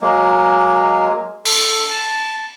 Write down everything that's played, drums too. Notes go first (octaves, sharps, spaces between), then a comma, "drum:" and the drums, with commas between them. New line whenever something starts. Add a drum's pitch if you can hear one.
F#3 G#3 A#3
A4, drum: open hi-hat
A5